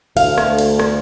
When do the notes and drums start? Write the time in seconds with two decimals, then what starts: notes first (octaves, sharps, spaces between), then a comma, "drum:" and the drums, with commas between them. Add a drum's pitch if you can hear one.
0.17 D2 F5, drum: cymbal
0.38 drum: rim click
0.59 drum: cymbal
0.79 drum: rim click